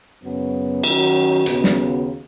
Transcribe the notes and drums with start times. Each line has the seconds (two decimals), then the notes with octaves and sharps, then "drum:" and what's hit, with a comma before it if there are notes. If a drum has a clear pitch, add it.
0.21 F#2 C#3 F#3 B3
0.83 D#3 F#3 C#4 F#4, drum: cymbal
1.46 D#2 C#3 B3 F#4, drum: hi-hat
1.64 drum: snare